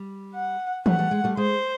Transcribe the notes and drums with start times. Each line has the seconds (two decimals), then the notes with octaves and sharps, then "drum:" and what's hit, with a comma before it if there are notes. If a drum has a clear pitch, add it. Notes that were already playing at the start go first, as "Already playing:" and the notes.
Already playing: G3
0.35 F#5
0.86 G3 A3 F#5, drum: tom E3
0.99 G3 A3
1.11 G#3
1.24 G3 A3
1.37 G#3 C5